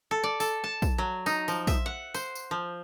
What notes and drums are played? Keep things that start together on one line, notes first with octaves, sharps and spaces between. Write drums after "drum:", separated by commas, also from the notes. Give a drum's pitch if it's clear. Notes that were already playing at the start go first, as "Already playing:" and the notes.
A4
D5
A4, drum: tambourine
A5
drum: kick, tambourine
F#3
D#4, drum: tambourine
F3, drum: tambourine
E5, drum: kick, tambourine
F#5
C5, drum: tambourine
drum: tambourine
F3